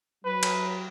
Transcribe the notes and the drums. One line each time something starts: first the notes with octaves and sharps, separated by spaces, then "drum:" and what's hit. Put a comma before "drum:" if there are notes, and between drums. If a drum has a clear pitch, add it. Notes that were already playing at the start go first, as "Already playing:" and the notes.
F#3 B4
drum: cymbal